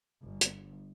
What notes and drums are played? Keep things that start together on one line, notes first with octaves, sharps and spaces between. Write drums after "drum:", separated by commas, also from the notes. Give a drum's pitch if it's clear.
G1
drum: hi-hat